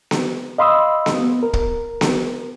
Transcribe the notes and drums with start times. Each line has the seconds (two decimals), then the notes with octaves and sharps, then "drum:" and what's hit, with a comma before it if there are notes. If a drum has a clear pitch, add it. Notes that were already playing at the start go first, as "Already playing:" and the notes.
0.11 drum: snare B3
0.58 D#5 F5 B5 C6 D#6 E6
1.06 drum: snare B3
1.18 B3
1.43 A#4
1.53 drum: kick
2.01 drum: snare B3